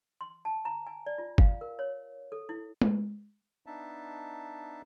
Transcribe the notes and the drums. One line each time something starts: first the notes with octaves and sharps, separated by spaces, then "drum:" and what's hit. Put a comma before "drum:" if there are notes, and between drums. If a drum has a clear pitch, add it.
C6
A5
A#5
G#5
D5
F4
F5, drum: kick G1
A#4
C#5
A4
E4
drum: tom
B3 D4 D#4 E5 A5